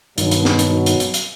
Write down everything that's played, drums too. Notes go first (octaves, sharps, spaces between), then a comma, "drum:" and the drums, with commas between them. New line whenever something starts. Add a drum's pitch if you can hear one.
G2 B2 D#3 F#3, drum: hi-hat
drum: hi-hat
drum: snare
drum: hi-hat
drum: hi-hat
drum: hi-hat
drum: hi-hat